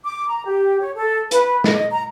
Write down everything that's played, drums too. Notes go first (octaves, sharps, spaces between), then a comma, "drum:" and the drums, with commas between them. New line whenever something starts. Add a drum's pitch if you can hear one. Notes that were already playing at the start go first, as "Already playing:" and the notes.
D6
A#5
G4
C#5
A4
B4, drum: hi-hat
D#5, drum: snare
A#5